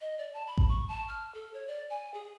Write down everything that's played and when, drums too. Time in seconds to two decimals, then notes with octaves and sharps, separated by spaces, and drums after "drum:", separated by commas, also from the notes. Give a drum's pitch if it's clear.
0.01 D#5
0.18 D5
0.34 A5
0.47 B5
0.58 drum: kick A1
0.69 C#6
0.88 A5
1.08 F6
1.34 A4
1.54 C#5
1.68 D5
1.90 G#5
2.14 G#4